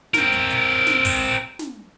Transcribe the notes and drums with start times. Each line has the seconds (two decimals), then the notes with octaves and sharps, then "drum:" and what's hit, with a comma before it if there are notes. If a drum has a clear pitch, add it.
0.14 C4 A#4, drum: snare
0.32 drum: hi-hat
0.50 drum: hi-hat
0.87 drum: snare
1.05 drum: kick, open hi-hat
1.23 drum: hi-hat
1.59 drum: snare